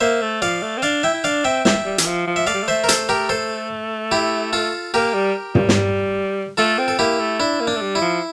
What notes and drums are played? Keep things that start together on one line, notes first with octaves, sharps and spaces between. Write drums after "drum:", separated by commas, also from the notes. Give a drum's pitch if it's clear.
A#3 C5 E5
A3
F3 D5 F5
A3
C4
D4 D5 F5
E4 E5 G5
E4
D4 D5 F5
C4 E5 G5
E5 G5, drum: snare
G3
E3, drum: hi-hat
F3
F3
E5
A3 D5 F5
G3
A3
C5 E5
A#4
A4 C5, drum: hi-hat
G4 A#4
A4 C5
E4 G4
F4 A4
A#3 G4 A#4
G3
G3, drum: tom
drum: snare
A3 F4 A4
C4
A4
A#3 E4 G4
A3
D4 E4
A#3
D4
A3
G3
E4
F3